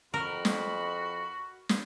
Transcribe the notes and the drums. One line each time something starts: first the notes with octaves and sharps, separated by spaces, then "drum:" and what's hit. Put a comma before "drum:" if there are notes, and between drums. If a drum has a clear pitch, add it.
F2 F#4 A#4 B5
drum: snare
drum: snare